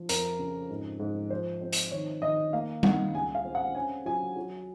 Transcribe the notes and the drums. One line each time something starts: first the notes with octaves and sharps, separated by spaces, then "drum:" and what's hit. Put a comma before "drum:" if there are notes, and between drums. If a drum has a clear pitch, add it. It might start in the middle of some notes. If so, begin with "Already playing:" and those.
Already playing: F3
F2 A#4, drum: hi-hat
C#3
G#2
G#2
F3 C5
C4
drum: hi-hat
D#3 C#5
D#3 D#5
A#3 F5
D#3 F#5, drum: tom G3
C#2 G#5
F5
C4
F#5
C#4 G#5
F#3 G#5
F#3